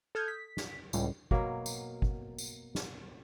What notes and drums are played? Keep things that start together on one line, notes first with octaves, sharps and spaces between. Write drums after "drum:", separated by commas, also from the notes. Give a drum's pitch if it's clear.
A4 D#6 F6 G6 G#6
B6
drum: snare
C#2 A2 G3, drum: tambourine
B2 F#3 A#3, drum: kick
drum: tambourine
drum: kick
drum: tambourine
drum: snare